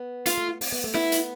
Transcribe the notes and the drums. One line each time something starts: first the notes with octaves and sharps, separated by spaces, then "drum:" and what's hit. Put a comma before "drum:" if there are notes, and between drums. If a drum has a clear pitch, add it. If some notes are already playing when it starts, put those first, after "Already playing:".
Already playing: B3
A3 F4, drum: hi-hat
A3
B3
C4, drum: open hi-hat
B3
A3
B3 E4, drum: rim click
drum: hi-hat